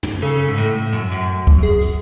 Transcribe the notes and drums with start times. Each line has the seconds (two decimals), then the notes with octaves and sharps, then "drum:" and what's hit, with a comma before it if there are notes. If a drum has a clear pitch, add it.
0.03 drum: tom
0.22 C#3 A4
0.48 G#2
0.58 A2
0.93 F#2
1.12 F#2
1.47 drum: kick C#2
1.63 G#4
1.81 drum: hi-hat